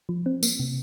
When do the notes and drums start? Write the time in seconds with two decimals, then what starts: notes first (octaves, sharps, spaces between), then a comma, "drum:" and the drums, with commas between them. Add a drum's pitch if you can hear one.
0.09 F3
0.26 C4
0.43 A#3, drum: tambourine
0.60 C3